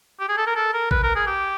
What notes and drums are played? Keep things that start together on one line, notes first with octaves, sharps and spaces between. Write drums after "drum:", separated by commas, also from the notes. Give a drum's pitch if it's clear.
G4
G#4
A4
A#4
A4
A#4
B4, drum: kick G#1
A#4
G#4
G4